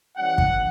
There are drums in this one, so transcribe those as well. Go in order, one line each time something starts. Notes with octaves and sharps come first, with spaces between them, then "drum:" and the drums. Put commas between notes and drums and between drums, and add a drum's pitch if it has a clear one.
E3 G3 C#4 F#5
drum: kick